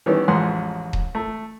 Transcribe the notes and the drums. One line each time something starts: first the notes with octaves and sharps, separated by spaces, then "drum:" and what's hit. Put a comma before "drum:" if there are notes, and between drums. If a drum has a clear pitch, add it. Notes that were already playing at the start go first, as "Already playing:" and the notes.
D#3 E3 G3 B3 C#4 D#4
A1 F2 G#3 F#5 C6
drum: kick D#1
A3